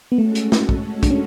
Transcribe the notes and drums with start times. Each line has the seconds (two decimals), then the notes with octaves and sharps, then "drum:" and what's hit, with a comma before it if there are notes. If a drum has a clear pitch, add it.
0.12 B3
0.18 G#3 A3 C#4 F#4 A4
0.35 drum: hi-hat
0.52 drum: snare
0.69 drum: kick
1.03 D4, drum: kick, hi-hat
1.10 C#4